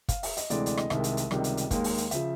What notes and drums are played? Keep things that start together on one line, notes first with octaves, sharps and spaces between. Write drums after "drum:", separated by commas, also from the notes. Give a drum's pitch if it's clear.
F5, drum: kick, hi-hat
E5, drum: open hi-hat
D#5, drum: hi-hat
D2 C3 E3 G#3 D5, drum: hi-hat
D5, drum: hi-hat
D#5, drum: rim click
C2 C3 D#3 G#3 E5, drum: rim click
drum: hi-hat
drum: hi-hat
C#2 C3 D#3 G3, drum: rim click
drum: hi-hat
drum: hi-hat
D#2 D#3 G#3 F5, drum: kick, hi-hat
drum: open hi-hat
drum: hi-hat
C#3 F3 E5, drum: hi-hat